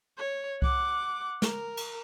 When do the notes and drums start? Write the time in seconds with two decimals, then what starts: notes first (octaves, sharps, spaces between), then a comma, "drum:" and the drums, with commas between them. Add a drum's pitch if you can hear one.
0.18 C#5
0.62 F#5 D6, drum: kick C2
1.42 A#4, drum: snare
1.77 drum: cymbal